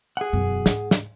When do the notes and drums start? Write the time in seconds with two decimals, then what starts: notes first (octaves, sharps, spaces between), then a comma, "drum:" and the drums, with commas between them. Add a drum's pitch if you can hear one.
0.17 G#4 F#5
0.33 E1 F#2
0.66 G#2, drum: snare
0.91 drum: snare